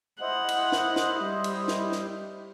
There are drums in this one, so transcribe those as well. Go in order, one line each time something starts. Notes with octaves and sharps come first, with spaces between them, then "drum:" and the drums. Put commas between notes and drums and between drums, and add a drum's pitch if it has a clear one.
E4 C5 D#5 F#5
drum: cymbal
drum: snare
drum: snare
G3
drum: cymbal
drum: snare
drum: snare